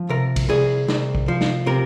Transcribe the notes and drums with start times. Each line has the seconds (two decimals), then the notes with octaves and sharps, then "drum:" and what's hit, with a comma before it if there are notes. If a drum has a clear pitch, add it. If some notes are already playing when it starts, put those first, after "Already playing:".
Already playing: F3
0.09 C3 A#4
0.36 drum: kick, cymbal
0.49 C2 G#4
0.88 C2, drum: snare
1.15 drum: kick
1.28 F3
1.41 drum: snare
1.67 C3 A#4